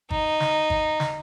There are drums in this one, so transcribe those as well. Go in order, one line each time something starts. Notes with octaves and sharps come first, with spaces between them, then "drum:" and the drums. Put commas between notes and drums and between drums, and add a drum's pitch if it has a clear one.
D#4, drum: kick
drum: snare
drum: kick
drum: snare